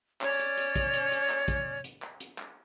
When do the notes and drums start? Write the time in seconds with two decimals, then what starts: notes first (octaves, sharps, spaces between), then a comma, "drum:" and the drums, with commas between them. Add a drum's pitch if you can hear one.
0.21 C#4 C#5 D5, drum: clap
0.39 drum: hi-hat
0.57 drum: hi-hat
0.76 drum: kick, hi-hat
0.94 drum: hi-hat
1.12 drum: hi-hat
1.30 drum: clap
1.48 drum: kick, hi-hat
1.84 drum: hi-hat
2.02 drum: clap
2.20 drum: hi-hat
2.38 drum: clap